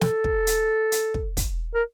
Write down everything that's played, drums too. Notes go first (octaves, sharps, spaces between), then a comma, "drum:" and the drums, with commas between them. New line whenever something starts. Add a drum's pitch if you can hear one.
A4, drum: snare
drum: kick
drum: hi-hat
drum: hi-hat
drum: kick
drum: kick, hi-hat
A#4